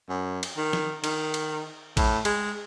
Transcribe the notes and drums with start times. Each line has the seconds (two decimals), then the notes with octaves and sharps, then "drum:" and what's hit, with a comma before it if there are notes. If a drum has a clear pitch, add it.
0.09 F#2
0.43 drum: cymbal
0.57 D#3
0.73 drum: snare
1.04 D#3, drum: cymbal
1.34 drum: cymbal
1.97 A2, drum: kick A1, cymbal
2.25 G#3, drum: cymbal